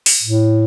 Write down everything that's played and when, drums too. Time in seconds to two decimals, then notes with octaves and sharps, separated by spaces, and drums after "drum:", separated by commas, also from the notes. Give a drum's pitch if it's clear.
0.06 drum: open hi-hat
0.23 A2